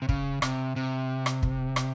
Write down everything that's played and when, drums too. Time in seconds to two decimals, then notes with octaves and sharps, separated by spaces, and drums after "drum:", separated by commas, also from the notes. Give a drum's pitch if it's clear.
0.02 C3
0.09 C#3, drum: kick
0.42 C3, drum: rim click
0.76 C3
1.26 drum: rim click
1.43 drum: kick
1.76 drum: rim click